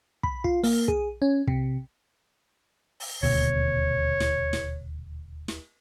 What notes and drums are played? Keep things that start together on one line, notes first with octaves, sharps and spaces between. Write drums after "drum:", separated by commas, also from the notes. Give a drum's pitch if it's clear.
B5, drum: kick
F4, drum: kick
A#3, drum: open hi-hat
G#4, drum: kick
C#4
C3, drum: kick
drum: open hi-hat
D#1 D2 B2 C#5, drum: open hi-hat
drum: snare
drum: snare
drum: snare